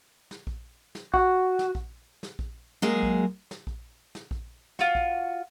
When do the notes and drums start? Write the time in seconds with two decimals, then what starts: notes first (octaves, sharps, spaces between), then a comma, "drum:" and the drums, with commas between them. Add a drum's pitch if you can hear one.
0.31 drum: snare
0.47 drum: kick A#1
0.95 drum: snare
1.14 F#4, drum: kick A#1
1.59 drum: snare
1.75 drum: kick A#1
2.23 drum: snare
2.39 drum: kick A#1
2.82 F#3 G#3 A#3 G#4
3.03 drum: kick A#1
3.51 drum: snare
3.67 drum: kick A#1
4.15 drum: snare
4.31 drum: kick A#1
4.79 F4 F#4, drum: snare
4.95 drum: kick A#1